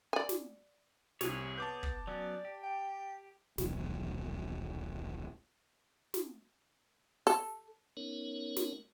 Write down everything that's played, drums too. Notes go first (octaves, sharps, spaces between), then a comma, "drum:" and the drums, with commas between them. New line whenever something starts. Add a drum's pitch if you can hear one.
D5 G#5
drum: snare
C2 C3 G#4 C#5, drum: snare
B3 A5 D6 G6
drum: kick
F#3 B3 C#4 D5
G4
G5
D#1 B1 E2, drum: snare
drum: snare
A4, drum: open hi-hat
B3 C#4 D#4 A#4 C#5
drum: snare